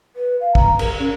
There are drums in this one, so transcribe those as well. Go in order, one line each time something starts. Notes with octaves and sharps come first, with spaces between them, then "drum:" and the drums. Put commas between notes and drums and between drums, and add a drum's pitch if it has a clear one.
B4
F5
A#5, drum: kick
A#4, drum: cymbal
C#4